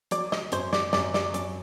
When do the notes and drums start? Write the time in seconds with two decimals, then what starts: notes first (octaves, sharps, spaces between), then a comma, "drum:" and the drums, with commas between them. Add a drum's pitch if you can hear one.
0.11 F#3 D5, drum: hi-hat
0.32 D#5, drum: snare
0.52 F#2 C5, drum: hi-hat
0.73 D5, drum: snare
0.93 F#2 D5, drum: snare
1.14 D5, drum: snare
1.34 F#2 D5, drum: hi-hat